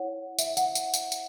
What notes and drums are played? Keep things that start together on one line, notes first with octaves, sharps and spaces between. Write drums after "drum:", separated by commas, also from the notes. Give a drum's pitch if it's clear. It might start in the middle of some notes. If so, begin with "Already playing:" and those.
Already playing: E4 C#5 F#5
E5, drum: tambourine
F#5, drum: tambourine
drum: tambourine
drum: tambourine
drum: tambourine